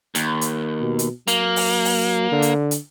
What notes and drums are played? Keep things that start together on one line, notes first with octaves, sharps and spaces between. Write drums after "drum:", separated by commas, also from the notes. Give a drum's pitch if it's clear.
D#2, drum: hi-hat
drum: hi-hat
B2
drum: hi-hat
F#3 A#3, drum: hi-hat
drum: open hi-hat
drum: open hi-hat
D3
drum: hi-hat
drum: hi-hat